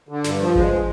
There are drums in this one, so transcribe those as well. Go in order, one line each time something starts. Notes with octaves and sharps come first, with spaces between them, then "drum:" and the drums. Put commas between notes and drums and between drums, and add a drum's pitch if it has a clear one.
D3
G2, drum: snare
F3
G#3, drum: kick G#1